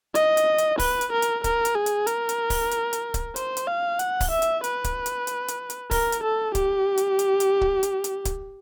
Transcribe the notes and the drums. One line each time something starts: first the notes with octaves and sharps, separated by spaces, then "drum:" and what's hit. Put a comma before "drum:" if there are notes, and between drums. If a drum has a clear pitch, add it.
D#5, drum: hi-hat
drum: hi-hat
drum: hi-hat
B4, drum: kick C#1, open hi-hat
drum: hi-hat
A#4
drum: hi-hat
A#4, drum: kick C#1, hi-hat
drum: hi-hat
G#4
drum: hi-hat
A#4, drum: hi-hat
drum: hi-hat
drum: kick C#1, open hi-hat
drum: hi-hat
drum: hi-hat
drum: kick C#1, hi-hat
C5, drum: hi-hat
drum: hi-hat
F5
F#5, drum: hi-hat
drum: kick C#1, open hi-hat
E5
drum: hi-hat
B4, drum: hi-hat
drum: kick C#1, hi-hat
drum: hi-hat
drum: hi-hat
drum: hi-hat
drum: hi-hat
A#4, drum: kick C#1, open hi-hat
drum: hi-hat
A4
G4, drum: kick C#1, hi-hat
drum: hi-hat
drum: hi-hat
drum: hi-hat
drum: kick C#1
drum: hi-hat
drum: hi-hat
drum: kick C#1, hi-hat